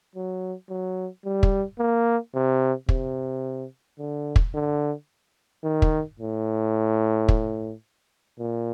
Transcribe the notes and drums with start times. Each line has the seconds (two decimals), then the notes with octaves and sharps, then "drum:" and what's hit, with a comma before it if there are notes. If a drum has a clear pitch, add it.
0.15 F#3
0.69 F#3
1.25 G3
1.43 drum: kick
1.79 A#3
2.35 C3
2.89 C3, drum: kick
3.99 D3
4.36 drum: kick
4.54 D3
5.64 D#3
5.82 drum: kick
6.19 A2
7.29 drum: kick
8.39 A#2